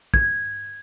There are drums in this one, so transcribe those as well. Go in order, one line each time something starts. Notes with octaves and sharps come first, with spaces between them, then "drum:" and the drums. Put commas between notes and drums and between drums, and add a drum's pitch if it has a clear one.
G#6, drum: kick